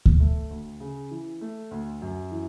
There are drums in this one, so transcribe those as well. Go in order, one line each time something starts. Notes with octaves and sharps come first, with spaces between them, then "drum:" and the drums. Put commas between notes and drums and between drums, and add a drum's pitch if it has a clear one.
drum: kick D2
A3
D2
C#3
E3
A3
D2
F#2
E3